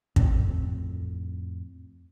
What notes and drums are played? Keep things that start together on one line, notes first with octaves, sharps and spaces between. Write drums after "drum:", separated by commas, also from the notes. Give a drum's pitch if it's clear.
F2 A2 C4, drum: kick